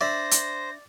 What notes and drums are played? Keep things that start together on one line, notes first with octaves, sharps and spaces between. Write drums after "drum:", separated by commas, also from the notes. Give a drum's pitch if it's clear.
D4 C5 D5 E5 A#6
drum: hi-hat